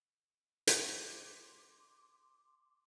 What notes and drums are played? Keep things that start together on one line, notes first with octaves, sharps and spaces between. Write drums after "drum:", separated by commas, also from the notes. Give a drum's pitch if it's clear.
drum: hi-hat
C6 D6